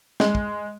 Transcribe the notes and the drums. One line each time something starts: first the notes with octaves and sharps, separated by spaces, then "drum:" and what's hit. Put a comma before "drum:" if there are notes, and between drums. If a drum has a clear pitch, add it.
G#3, drum: snare
drum: kick